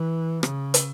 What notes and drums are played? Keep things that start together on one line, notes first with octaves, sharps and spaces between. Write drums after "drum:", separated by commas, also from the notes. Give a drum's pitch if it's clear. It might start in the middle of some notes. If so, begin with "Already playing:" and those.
Already playing: E3
C#3, drum: rim click
drum: hi-hat